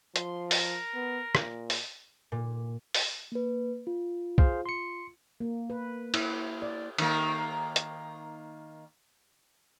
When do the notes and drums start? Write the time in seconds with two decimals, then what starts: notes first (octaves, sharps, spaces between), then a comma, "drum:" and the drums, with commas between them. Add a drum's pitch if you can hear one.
0.16 F3 C6, drum: hi-hat
0.51 A#4, drum: open hi-hat
0.94 B3
1.35 A#2, drum: rim click
1.70 drum: open hi-hat
2.32 A#2
2.94 drum: open hi-hat
3.32 A#3 B4
3.87 F4
4.38 G#4 C5 F5, drum: kick
4.66 C6 C#7
5.40 A#3
5.70 B4
6.14 E4, drum: cymbal
6.62 D5
6.98 D#3 A#3, drum: cymbal
7.76 drum: hi-hat